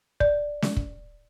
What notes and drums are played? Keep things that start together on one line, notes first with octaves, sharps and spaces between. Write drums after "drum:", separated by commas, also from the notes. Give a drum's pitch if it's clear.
D5, drum: kick
drum: snare
drum: kick